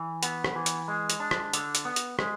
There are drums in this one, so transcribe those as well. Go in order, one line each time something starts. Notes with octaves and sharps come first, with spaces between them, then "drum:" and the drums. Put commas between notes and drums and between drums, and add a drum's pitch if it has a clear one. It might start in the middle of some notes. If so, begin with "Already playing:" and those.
Already playing: E3
B3, drum: hi-hat
drum: rim click
E3
drum: hi-hat
G#3
drum: hi-hat
D4
drum: rim click
D3, drum: hi-hat
drum: hi-hat
B3
drum: hi-hat
G#3, drum: rim click